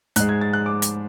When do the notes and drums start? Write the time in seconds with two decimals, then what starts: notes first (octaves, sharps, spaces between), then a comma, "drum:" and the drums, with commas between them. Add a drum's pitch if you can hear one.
0.16 G#2 G#3 F#6, drum: hi-hat
0.29 G#6
0.41 A6
0.53 F#6
0.66 D6
0.82 drum: hi-hat